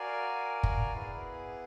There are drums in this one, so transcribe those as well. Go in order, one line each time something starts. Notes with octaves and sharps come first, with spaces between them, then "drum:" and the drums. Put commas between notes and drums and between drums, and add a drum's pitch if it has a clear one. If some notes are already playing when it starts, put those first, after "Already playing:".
Already playing: F#4 A#4 D5 F5 G#5
drum: kick
B3 E4 G#4 B4